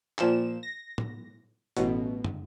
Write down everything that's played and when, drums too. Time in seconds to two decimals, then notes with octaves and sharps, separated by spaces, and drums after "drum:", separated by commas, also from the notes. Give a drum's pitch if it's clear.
0.18 A#2 F3 E7, drum: clap
0.63 A#6
0.98 drum: tom A2
1.77 A1 B2, drum: hi-hat
2.25 drum: tom